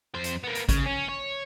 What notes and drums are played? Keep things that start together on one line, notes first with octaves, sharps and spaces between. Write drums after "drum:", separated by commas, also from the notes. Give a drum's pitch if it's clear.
F2 C5
drum: hi-hat
A#3 B3
drum: hi-hat
C#3, drum: kick G#1, hi-hat
C#4
C#5